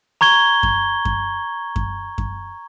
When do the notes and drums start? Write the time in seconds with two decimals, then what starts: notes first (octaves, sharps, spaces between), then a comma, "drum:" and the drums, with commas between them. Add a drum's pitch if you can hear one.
0.21 A#5 C#6 G#6 G7
0.63 drum: kick F#2
1.05 drum: kick F#2
1.76 drum: kick F#2
2.18 drum: kick F#2